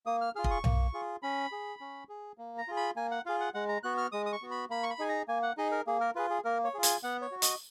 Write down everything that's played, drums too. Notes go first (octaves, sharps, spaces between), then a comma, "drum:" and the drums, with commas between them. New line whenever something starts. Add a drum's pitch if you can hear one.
A#3 D#6
F6
F4 G#4 F6
D#6, drum: kick
C#6
A#3, drum: tom B1
F4 G#4
C#4 B5
G#4
C#4
G#4
A#3
A#5
F4 G#4
B5
A#3 G#5
F#5
F4 G#4 F5
F#5
G#3 F#5
A#5
B3 F#4 F#6
F6
G#3 D#6
D#6
C#6
B3 F#4
B5
A#3 B5
C#6
B5
D#4 G#4 G#5
A#5
A#3 G#5
F#5
D#4 G#4 D#5
A#4
A#3 G#4
A#4
F4 G#4 B4
G#4
A#3 A#4
C#5
F4 G#4
G#5, drum: hi-hat
B3 F#5
C#5
F#4
D#5, drum: hi-hat